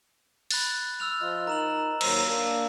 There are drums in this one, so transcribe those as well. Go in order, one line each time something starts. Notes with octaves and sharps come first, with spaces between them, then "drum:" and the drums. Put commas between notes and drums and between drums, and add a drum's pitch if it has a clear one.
B5 F#6 A6, drum: open hi-hat
E6 F6 F7
F3 F4 D#5
D#4 A#4 A#5 E7 F#7
D#2 F#3 C5 E6, drum: cymbal
A#3 D4